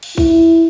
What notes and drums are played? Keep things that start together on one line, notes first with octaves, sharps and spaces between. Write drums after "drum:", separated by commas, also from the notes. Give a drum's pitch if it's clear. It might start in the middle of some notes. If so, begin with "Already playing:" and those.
drum: cymbal
E4, drum: kick